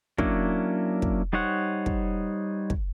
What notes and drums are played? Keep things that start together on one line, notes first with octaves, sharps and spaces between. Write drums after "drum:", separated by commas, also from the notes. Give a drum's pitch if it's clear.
F#3 A#3 C#4 D4 E4, drum: kick
drum: kick
G3 D#4 C5 C#5 F#5
drum: kick
drum: kick